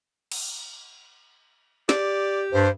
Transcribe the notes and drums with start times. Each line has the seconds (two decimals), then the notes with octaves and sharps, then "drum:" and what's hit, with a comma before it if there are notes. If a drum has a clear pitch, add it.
0.32 drum: cymbal
1.89 G4 D5, drum: snare
2.52 G2 C5